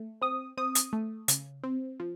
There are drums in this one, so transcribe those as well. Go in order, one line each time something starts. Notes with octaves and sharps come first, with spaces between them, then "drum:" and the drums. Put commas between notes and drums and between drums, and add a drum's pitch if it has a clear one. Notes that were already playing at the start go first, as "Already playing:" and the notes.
Already playing: A3
C4 D#6
C4 D#6
drum: hi-hat
A3
C#3, drum: hi-hat
C4
F3